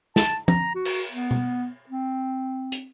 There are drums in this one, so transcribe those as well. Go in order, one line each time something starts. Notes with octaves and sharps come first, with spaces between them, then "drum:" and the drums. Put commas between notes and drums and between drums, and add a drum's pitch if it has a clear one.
A5, drum: snare
A#5, drum: tom
F#4
drum: cymbal
B3
drum: tom B2
C4
drum: hi-hat